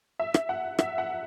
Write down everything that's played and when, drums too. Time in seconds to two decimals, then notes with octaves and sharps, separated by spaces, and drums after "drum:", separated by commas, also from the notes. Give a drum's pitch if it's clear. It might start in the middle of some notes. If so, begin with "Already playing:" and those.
0.19 E5
0.34 drum: rim click
0.49 F#5
0.79 E5, drum: rim click
0.98 F#5